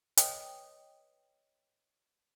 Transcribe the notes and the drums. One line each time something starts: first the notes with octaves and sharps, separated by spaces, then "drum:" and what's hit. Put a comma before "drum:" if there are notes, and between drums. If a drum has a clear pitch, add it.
B4 C#5 D#5 G5 D#6, drum: hi-hat